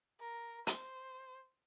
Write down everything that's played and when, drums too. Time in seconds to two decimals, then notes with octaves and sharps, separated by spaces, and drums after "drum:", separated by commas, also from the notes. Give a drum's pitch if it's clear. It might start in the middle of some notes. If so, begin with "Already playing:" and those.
0.20 A#4
0.67 C5, drum: hi-hat